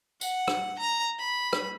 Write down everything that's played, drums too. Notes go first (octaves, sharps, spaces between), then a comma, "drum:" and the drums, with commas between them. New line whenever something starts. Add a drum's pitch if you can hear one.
F#5, drum: tambourine
drum: rim click
A#5
B5
drum: rim click